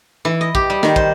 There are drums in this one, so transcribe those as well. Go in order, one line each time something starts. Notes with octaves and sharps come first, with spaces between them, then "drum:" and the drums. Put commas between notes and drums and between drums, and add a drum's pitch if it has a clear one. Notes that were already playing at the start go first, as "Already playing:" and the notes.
E3
D#5
G4, drum: kick
G3
D#3, drum: snare
C5, drum: kick